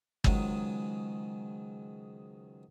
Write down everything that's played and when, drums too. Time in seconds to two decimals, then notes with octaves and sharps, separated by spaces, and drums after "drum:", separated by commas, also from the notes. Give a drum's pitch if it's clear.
0.24 C#2 G#2 D#3 F#3 G#3, drum: kick